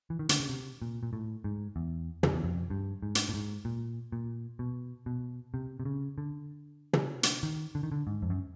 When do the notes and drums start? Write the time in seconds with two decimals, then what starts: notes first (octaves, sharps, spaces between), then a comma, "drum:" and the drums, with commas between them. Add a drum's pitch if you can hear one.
0.10 E3
0.19 D#3
0.29 D3, drum: hi-hat
0.40 C#3
0.49 C3
0.82 A#2
1.03 A#2
1.13 A2
1.44 G#2
1.76 E2
2.23 F2, drum: tom
2.33 E2
2.44 F2
2.70 G2
3.03 G#2
3.15 drum: hi-hat
3.29 A2
3.34 G#2
3.65 A#2
4.12 A#2
4.59 B2
5.06 B2
5.54 C3
5.80 C3
5.85 C#3
6.18 D3
6.93 drum: tom
7.23 drum: hi-hat
7.43 D#3
7.75 D3
7.83 D#3
7.92 D3
8.07 G#2
8.22 F2
8.30 F#2